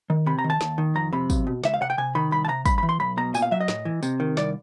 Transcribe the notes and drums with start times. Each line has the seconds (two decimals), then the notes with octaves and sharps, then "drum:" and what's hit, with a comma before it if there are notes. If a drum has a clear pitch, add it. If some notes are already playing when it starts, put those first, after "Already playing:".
0.10 D#3
0.26 C3 B5
0.39 A#5
0.44 D#3
0.50 A5
0.61 D#2, drum: snare
0.78 D#3
0.95 F2 A#5
1.13 C3 B5
1.30 B1, drum: kick, tambourine
1.47 B2
1.64 C#2 E5, drum: snare
1.74 F5
1.81 C3 F#5
1.90 G5
1.98 C3 G#5
2.15 D#3 B5
2.31 C2 B5
2.45 A5
2.48 C3 A#5
2.66 G2 B5, drum: kick, tambourine
2.78 B5
2.83 E3
2.89 C6
3.00 B1 B5
3.17 B2 A#5
3.34 A#2 G#5, drum: tambourine
3.42 F5
3.51 F#3 E5
3.60 D#5
3.68 A2, drum: snare
3.85 E3
4.03 C3, drum: tambourine
4.20 D#3
4.37 C2 D5, drum: snare